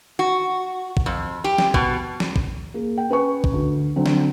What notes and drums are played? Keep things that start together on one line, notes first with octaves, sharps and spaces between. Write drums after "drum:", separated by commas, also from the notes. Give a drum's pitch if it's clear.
F#4
drum: kick
F2
G4
drum: snare
B2, drum: kick
drum: snare
drum: kick
A#3 G#4
G5
C#4 B4 G#5 C#6
drum: kick
D2
D3 F#3 C4
drum: snare